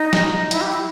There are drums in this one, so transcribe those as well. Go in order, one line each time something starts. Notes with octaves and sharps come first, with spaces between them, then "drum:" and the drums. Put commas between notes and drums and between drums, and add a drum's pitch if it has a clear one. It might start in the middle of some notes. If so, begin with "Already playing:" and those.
Already playing: D#4
drum: snare
E4, drum: hi-hat
G4
E4